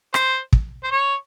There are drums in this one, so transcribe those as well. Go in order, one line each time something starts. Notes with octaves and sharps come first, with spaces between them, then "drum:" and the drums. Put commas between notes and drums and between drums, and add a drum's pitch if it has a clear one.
C5, drum: rim click
drum: kick
C5
C#5